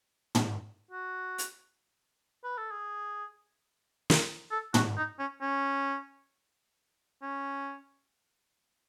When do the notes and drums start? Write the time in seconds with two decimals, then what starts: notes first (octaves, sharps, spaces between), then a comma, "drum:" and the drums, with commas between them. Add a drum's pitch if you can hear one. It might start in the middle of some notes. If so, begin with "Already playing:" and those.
0.35 drum: tom
0.91 F#4
1.38 drum: hi-hat
2.44 B4
2.58 A4
2.71 G#4
4.10 drum: snare
4.52 A4
4.74 F#4, drum: tom
4.97 D#4
5.19 C#4
5.42 C#4
7.22 C#4